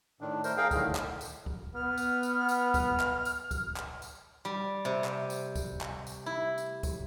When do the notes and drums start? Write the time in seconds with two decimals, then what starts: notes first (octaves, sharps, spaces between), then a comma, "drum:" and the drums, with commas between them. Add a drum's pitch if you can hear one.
0.21 A2 D#3 D4
0.44 D#3 A3 A#4 C5, drum: tambourine
0.57 G#4 A#4 F5 G5
0.71 A2 D3 D#3, drum: kick C#2, tambourine
0.95 drum: clap
1.21 drum: tambourine
1.46 drum: kick C#2
1.75 B3 F6
1.97 drum: tambourine
2.23 drum: tambourine
2.49 drum: tambourine
2.74 drum: kick C#2, tambourine
3.00 drum: clap
3.25 drum: tambourine
3.51 drum: kick C#2, tambourine
3.76 drum: clap
4.02 drum: tambourine
4.45 G3
4.85 C3
5.04 drum: clap
5.30 drum: tambourine
5.55 drum: kick C#2, tambourine
5.81 drum: clap
6.07 drum: tambourine
6.26 E4
6.58 drum: tambourine
6.83 drum: kick C#2, tambourine